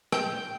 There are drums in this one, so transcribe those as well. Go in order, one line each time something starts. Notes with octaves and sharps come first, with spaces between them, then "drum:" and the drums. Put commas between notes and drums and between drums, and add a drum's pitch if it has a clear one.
G5, drum: rim click